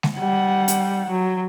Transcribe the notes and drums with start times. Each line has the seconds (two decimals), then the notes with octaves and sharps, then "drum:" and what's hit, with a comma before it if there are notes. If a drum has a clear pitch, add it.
0.03 drum: snare
0.19 G3 F#5
0.68 drum: hi-hat
1.10 F#3